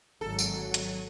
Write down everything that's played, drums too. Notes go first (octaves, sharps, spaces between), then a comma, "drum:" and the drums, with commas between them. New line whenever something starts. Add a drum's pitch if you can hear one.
G#1 F#3 A4
drum: tambourine
drum: hi-hat